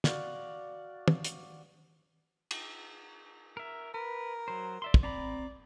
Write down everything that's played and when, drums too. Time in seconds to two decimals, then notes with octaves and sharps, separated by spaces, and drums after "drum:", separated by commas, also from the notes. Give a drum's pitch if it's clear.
0.04 F#4 D5 F5, drum: snare
1.08 drum: tom
1.24 drum: hi-hat
2.51 drum: cymbal
3.57 A#4 E5
3.94 A#4 B4
4.48 F#3 C5
4.82 D5 E5 C6
4.94 drum: kick
5.03 C4 D5 A#5 B5